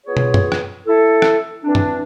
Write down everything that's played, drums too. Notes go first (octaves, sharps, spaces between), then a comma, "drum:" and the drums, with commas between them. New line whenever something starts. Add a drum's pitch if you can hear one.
B3 F4 G#4 C#5
drum: tom
drum: tom F#2
drum: rim click
E4 A4
drum: rim click
E3 C4 D4
drum: tom F#2